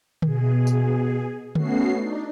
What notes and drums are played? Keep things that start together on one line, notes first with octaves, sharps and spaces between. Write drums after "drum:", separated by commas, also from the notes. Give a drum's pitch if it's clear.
B2 G#4, drum: tom D3
drum: tambourine
A3 B3 C#4 F#4 C7, drum: tom D3
D4 D#4